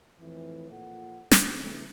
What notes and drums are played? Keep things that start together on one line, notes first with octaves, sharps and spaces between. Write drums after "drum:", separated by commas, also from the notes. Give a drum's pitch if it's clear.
F2 A2 E3
A#2 F3 F4 A4 F#5
drum: snare
C#3 E3 F3 A3